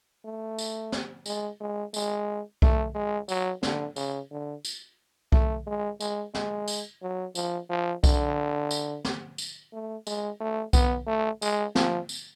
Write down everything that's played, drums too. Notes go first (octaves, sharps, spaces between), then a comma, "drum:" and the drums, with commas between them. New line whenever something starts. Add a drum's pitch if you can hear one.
A3
drum: tambourine
drum: snare
G#3, drum: tambourine
G#3
G#3, drum: tambourine
A3, drum: kick B1
G#3
F#3, drum: tambourine
D3, drum: snare
C#3, drum: tambourine
D3
drum: tambourine
A3, drum: kick B1
G#3
G#3, drum: tambourine
G#3, drum: snare
drum: tambourine
F#3
F3, drum: tambourine
F3
D3, drum: kick B1, tambourine
drum: tambourine
drum: snare
drum: tambourine
A3
G#3, drum: tambourine
A3
B3, drum: kick B1, tambourine
A3
G#3, drum: tambourine
F3, drum: snare
drum: tambourine